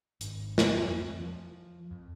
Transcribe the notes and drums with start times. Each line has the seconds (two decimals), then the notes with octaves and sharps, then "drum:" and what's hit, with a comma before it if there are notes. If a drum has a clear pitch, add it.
0.21 G#1, drum: hi-hat
0.58 F2, drum: snare
0.91 F2
1.20 F3
1.91 F2